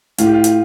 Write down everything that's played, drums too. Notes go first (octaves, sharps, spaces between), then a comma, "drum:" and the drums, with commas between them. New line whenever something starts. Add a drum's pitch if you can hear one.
A2 F4, drum: hi-hat
G4
F4
drum: hi-hat